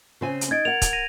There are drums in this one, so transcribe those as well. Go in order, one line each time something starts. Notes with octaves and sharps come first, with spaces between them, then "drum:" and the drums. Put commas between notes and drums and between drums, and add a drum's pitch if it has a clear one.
C#3 C4 G#5
drum: hi-hat
D#4 G#6 A6 D7
A#4 F#5 F7
drum: kick, hi-hat
A#6 D#7 F7